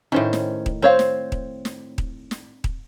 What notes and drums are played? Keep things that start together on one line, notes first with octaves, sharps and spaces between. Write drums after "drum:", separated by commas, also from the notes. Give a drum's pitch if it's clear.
A2 D#3 C#4 C5
drum: snare
drum: kick D#1
C4 C5 C#5 F5
drum: snare
drum: kick D#1
drum: snare
drum: kick D#1
drum: snare
drum: kick D#1